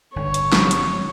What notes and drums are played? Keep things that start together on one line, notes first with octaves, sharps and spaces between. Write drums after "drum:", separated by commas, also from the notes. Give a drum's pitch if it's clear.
G1 D3 C#5
drum: hi-hat
drum: snare
drum: hi-hat